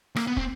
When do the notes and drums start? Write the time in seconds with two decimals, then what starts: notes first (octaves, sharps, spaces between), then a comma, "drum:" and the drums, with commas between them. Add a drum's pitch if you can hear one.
0.16 A#3, drum: rim click
0.27 B3
0.37 C4, drum: kick